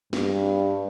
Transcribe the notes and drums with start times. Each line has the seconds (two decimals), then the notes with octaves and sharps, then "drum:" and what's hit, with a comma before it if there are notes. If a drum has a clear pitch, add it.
0.13 G2, drum: snare